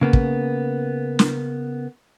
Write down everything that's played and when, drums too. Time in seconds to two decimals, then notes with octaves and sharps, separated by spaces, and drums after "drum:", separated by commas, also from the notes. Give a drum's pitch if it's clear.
0.01 C#3 A#3 B3
0.13 drum: kick
1.19 drum: snare